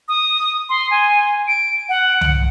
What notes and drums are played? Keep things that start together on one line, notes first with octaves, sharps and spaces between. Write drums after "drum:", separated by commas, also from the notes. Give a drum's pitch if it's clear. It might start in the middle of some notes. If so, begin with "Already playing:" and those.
D#6
C6
G#5
D7
F#5
drum: tom